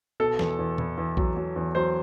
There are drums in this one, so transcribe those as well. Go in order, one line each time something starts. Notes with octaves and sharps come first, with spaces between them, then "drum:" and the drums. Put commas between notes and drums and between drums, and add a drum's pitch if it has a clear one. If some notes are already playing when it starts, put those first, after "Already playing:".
B2 A4
E2, drum: snare F3
E2
E2, drum: tom A#2
E2
F#3, drum: kick A#1
F#3
E2
F#3 C5